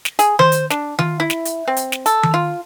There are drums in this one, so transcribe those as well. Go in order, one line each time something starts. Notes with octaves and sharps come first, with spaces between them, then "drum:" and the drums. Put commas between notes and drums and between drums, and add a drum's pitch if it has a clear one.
drum: snare
G#4, drum: hi-hat
C5, drum: tom D#3
drum: hi-hat
D4, drum: snare
F4, drum: tom D#3
E4
drum: snare
drum: hi-hat
C4
drum: hi-hat
drum: snare
A4, drum: hi-hat
drum: tom D#3
F4